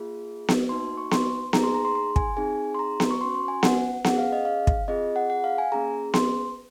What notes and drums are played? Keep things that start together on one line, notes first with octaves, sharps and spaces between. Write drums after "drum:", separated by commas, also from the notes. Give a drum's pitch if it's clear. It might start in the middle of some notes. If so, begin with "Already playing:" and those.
Already playing: A#3 F4 G#4
drum: snare B3
A#3 D#4 F#4 C6
C#6
C6, drum: snare B3
A#3 D#4 G#4 A#5, drum: snare B3
C6
A#5
C6
C6
G#5, drum: kick
C4 D#4 G#4 G#5
C6
A#5
drum: snare B3
C#6
C#4 F#4 C6
C6
G#5
F#5, drum: snare B3
C#4 G#4 F#5, drum: snare B3
F5
D#5
F5
drum: kick
C4 F4 G#4 D#5
F#5
F#5
F5
G#5
A#3 C#4 G#4 A#5
C6, drum: snare B3